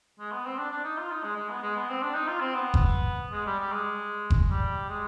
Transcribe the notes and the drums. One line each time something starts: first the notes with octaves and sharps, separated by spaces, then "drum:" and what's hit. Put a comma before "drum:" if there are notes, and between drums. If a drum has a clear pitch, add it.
G#3
B3
C4
D4
D4
D#4
F4
D#4
G#3
G#3
B3
G#3
B3
C4
D4
D#4
F4
C4
B3
drum: kick F#1
G#3
G3
G3
G#3
drum: kick F#1
G3
G#3